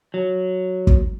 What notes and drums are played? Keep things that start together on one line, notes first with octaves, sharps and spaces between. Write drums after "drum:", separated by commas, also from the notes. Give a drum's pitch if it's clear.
F#3
drum: kick